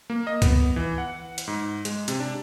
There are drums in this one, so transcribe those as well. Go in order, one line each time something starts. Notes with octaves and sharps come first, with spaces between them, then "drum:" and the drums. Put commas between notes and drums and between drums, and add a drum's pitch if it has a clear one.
A#3
D#5
B3, drum: kick C#2, hi-hat
E3
F#5
drum: hi-hat
G#2
G#3, drum: hi-hat
C3, drum: hi-hat
D4